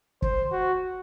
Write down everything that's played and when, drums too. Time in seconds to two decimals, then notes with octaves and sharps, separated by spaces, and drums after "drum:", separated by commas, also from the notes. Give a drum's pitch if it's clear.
0.22 C5, drum: kick
0.52 F#4